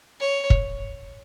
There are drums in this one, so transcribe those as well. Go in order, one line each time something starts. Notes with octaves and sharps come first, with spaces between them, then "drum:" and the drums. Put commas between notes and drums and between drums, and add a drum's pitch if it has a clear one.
C#5
drum: kick